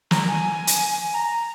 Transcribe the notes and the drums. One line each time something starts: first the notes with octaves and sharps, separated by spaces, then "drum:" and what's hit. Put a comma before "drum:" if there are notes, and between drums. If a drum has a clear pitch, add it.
A#5, drum: snare
G#5
drum: hi-hat
A#5